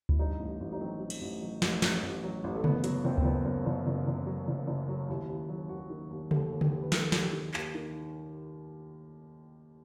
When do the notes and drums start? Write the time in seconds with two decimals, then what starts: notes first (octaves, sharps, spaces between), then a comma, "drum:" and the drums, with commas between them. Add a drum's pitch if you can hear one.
0.09 E4, drum: kick D2
0.19 G2 D#4
0.40 A1
0.60 A1
0.72 D#4
0.81 F#3 C4
1.01 F#3
1.10 drum: cymbal
1.21 A1
1.42 F#3
1.62 A1, drum: snare
1.82 A1, drum: snare
2.03 A1
2.24 F#3
2.44 A1
2.55 A3
2.64 F#1 B3, drum: tom C#3
2.84 F#3, drum: hi-hat
3.04 F#1 C4
3.18 C4, drum: kick D2
3.25 F#1 B3
3.45 F#2
3.66 F#1
3.87 F#1
4.07 F#1
4.27 F#3
4.48 F#1
4.67 F#1
4.89 F#3
5.09 D#2 E4
5.29 D#2
5.49 F#3
5.69 D#2 F#4
5.90 D#3
6.11 D#2
6.31 D#2 A4, drum: tom C#3
6.51 D#2
6.61 G4, drum: tom C#3
6.72 D#2
6.82 B4
6.92 D#3 A4, drum: snare
7.12 D#2, drum: snare
7.22 G4
7.32 D#3
7.54 D#2, drum: clap
7.74 D#3